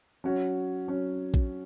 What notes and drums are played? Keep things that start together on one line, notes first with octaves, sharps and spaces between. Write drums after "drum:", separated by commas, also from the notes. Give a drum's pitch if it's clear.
F#3 C#4 F#4 C#5
F#3 C#4 F#4 C#5
drum: kick A#1